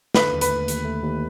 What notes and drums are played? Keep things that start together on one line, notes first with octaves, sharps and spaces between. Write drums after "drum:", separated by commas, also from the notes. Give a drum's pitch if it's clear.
D3 B4, drum: snare
D#2
B4, drum: hi-hat
A3
D#2, drum: hi-hat
A3
D#2